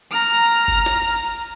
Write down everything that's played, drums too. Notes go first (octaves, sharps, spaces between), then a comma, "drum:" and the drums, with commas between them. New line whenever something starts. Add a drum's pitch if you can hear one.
A#5 F6
drum: kick F#1
drum: snare
drum: cymbal